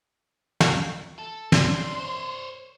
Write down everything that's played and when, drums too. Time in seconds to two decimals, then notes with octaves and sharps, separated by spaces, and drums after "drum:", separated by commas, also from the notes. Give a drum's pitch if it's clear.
0.60 drum: snare
1.18 A4
1.52 C3 D4 C6, drum: snare
1.99 C5 C#5